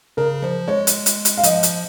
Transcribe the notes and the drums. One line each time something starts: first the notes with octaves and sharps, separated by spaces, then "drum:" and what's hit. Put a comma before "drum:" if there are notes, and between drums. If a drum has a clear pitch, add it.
C#3 A#4
F3 C5
G#3 C#5
drum: hi-hat
drum: hi-hat
drum: hi-hat
F5
F3 D#5, drum: hi-hat
drum: hi-hat